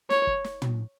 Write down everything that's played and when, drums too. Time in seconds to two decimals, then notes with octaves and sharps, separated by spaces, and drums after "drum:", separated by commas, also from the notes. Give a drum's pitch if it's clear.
0.10 C#5, drum: snare
0.27 drum: kick
0.44 drum: snare
0.62 drum: tom